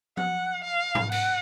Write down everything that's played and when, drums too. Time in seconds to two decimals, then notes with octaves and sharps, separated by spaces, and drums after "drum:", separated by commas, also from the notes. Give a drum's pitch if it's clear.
0.17 F#5, drum: tom F3
0.64 F5
0.95 drum: tom G#2
1.12 F#5, drum: cymbal